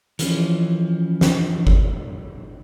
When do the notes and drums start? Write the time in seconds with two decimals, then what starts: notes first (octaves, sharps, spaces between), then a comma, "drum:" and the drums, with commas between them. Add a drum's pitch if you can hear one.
0.19 E3 F3 C#4, drum: hi-hat
1.21 drum: snare
1.67 drum: kick G1